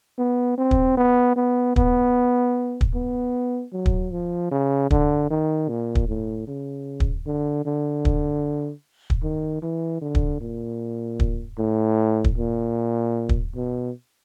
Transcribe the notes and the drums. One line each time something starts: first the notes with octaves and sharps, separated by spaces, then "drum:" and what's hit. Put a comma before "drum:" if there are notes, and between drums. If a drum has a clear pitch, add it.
B3
C4
drum: kick
B3
B3
B3, drum: kick
drum: kick
B3
F#3
drum: kick
F3
C#3
D3, drum: kick
D#3
A#2
drum: kick
A2
C#3
drum: kick
D3
D3
drum: kick
drum: kick
D#3
E3
D3
drum: kick
A#2
drum: kick
A2
drum: kick
A#2
drum: kick
B2